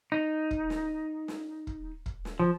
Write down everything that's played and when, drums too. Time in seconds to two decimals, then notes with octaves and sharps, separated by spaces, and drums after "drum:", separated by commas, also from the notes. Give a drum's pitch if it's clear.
0.12 D#4
0.51 drum: kick
0.70 drum: snare
1.28 drum: snare
1.67 drum: kick
2.06 drum: kick
2.25 drum: snare
2.39 F3